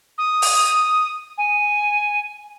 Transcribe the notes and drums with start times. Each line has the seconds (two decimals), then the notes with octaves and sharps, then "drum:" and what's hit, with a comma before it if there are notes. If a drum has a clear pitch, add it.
0.18 D#6
0.42 drum: open hi-hat
1.38 G#5